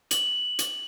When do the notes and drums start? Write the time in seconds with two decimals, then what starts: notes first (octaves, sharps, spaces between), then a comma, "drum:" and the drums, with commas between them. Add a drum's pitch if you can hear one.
0.11 F#7, drum: hi-hat
0.59 drum: hi-hat